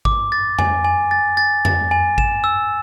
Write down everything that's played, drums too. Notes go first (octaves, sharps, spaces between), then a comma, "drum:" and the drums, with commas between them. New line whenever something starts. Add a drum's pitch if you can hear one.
D6, drum: kick G#1
A6
G#5, drum: tom F2
G#5
A6
A6
A6, drum: tom F2
G#5
E7, drum: kick G#1
E6